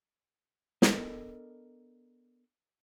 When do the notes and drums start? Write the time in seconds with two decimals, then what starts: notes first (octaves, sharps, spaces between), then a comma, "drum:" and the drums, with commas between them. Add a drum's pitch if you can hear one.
0.82 B3 D4 A4 A#4 D#5, drum: snare